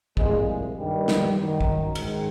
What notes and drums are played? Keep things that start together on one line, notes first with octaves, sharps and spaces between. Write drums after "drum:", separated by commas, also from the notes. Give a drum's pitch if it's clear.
C2 A#2 F3 G#3, drum: kick
G2 D#3 G3
drum: snare
F#2 D#3
drum: kick
G#2 D#3, drum: cymbal